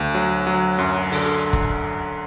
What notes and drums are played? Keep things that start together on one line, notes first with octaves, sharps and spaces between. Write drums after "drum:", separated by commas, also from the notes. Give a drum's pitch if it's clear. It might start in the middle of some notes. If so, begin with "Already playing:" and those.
Already playing: D2
F#3
F#3
F#2
D3, drum: open hi-hat
drum: kick